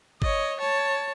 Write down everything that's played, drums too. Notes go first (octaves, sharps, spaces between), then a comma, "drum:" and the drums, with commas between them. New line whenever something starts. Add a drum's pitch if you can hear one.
C#5 D#5, drum: kick
C#5 A5